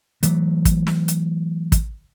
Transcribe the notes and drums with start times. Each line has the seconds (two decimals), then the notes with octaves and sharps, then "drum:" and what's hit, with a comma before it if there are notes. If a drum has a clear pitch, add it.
0.23 E3 F#3 A3, drum: hi-hat
0.65 drum: kick, hi-hat
0.87 drum: snare
1.08 drum: hi-hat
1.72 drum: kick, hi-hat